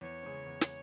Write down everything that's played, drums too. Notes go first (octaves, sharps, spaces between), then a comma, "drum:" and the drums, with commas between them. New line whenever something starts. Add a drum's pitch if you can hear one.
E2 C#5
C#3 G#3 C#4
E2
drum: snare